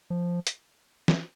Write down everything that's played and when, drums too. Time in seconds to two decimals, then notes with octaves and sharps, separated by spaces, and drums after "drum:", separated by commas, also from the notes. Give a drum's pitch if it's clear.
0.10 F3
0.47 drum: hi-hat
1.08 F#3, drum: snare